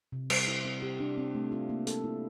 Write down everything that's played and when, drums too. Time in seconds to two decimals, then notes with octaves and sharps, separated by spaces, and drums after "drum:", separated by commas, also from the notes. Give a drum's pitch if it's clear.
0.12 C3
0.30 G3, drum: cymbal
0.47 E4
0.65 C4
0.82 G4
1.00 D4
1.17 C4
1.35 A3
1.52 F4
1.69 A#3
1.87 A4, drum: hi-hat
2.04 E4